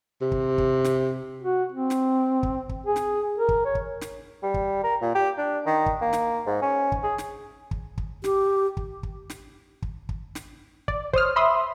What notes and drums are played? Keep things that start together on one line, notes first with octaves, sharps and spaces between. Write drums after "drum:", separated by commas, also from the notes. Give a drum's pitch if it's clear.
C3
drum: kick
drum: kick
drum: snare
F#4
C4
drum: snare
drum: kick
drum: kick
G#4
drum: snare
A#4
drum: kick
C#5
drum: kick
drum: snare
G3
drum: kick
A#4
A#2
G4
D4
D#3
drum: kick
A#3
drum: snare
G#2
C#4
drum: kick
G#4
drum: snare
drum: kick
drum: kick
G4, drum: snare
drum: kick
drum: kick
drum: snare
drum: kick
drum: kick
drum: snare
D5, drum: kick
C5 C#5 D#6 F6, drum: kick
E5 B5 C6 D#6 E6